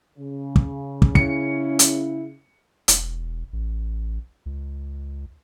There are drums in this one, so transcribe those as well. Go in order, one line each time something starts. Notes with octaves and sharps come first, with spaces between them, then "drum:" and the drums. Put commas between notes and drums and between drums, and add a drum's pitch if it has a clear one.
C#3
drum: kick
drum: kick
C#4 E4 C#7, drum: kick
drum: hi-hat
E1, drum: hi-hat
A1
C#2